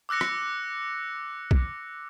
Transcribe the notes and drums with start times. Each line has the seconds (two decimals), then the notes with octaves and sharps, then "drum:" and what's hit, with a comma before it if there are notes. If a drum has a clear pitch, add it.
0.09 D6 E6 F#6 A#6 C#7
0.21 drum: rim click
1.51 drum: kick